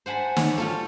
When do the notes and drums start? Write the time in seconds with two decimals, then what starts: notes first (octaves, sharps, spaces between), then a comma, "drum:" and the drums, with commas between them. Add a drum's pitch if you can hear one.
0.06 C5 F#5 G#5 A5 B5
0.36 C#5 D5, drum: snare
0.58 G3 F4 A4